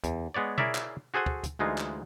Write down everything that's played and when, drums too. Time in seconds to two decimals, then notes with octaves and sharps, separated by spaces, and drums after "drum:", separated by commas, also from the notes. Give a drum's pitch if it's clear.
0.04 E2, drum: kick, hi-hat
0.34 G#3 B3 C#5 D5
0.58 E4 G#4 A#4 C#5 D5 E5, drum: tom B2
0.75 drum: clap
1.14 F#4 G#4 A4 C5 F#5 G#5
1.26 drum: kick
1.44 drum: kick, hi-hat
1.59 D2 E3 G#3 D#4 F4
1.78 drum: clap